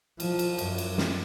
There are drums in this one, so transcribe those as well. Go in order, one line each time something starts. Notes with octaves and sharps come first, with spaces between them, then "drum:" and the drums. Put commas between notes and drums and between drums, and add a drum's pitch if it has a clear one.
F3, drum: cymbal
drum: cymbal
F#2, drum: cymbal
drum: cymbal
drum: snare